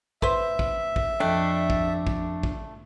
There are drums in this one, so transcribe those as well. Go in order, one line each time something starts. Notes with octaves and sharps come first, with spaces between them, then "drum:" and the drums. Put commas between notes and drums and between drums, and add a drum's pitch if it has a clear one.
B4 C5 E5, drum: kick
drum: kick
drum: kick
F2 A3 D4 D#5 G5 F#6
drum: kick
drum: kick
drum: kick